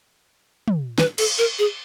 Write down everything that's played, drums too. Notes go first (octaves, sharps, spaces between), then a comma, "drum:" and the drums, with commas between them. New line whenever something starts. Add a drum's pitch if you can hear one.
drum: tom
B4, drum: snare
A4, drum: cymbal
A#4
G#4